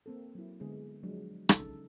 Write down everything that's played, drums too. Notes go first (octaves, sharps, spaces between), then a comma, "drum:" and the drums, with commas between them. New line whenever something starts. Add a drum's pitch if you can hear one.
A#3 C4 A4
F#3 E4
D3 G#3 B3 G#4
F3 F#3 G#3 D4
C#3 F#3 D#4 A4, drum: rim click